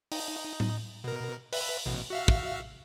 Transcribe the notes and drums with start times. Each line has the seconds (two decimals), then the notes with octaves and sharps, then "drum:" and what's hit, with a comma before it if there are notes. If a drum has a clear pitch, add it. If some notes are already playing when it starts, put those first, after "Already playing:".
0.12 D#4, drum: open hi-hat
0.60 drum: tom A2
1.04 B2 A#4
1.53 B4 E5, drum: open hi-hat
1.86 A1 B2
2.10 F#4 E5 F5
2.28 drum: kick